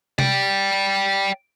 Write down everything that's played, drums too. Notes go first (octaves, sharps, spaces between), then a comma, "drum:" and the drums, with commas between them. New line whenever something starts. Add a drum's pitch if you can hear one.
D5 G5, drum: tom C3